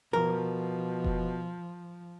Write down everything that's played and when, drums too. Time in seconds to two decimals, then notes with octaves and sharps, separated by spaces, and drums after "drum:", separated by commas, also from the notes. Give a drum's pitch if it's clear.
0.13 B2 F3 A#4
1.04 drum: kick F1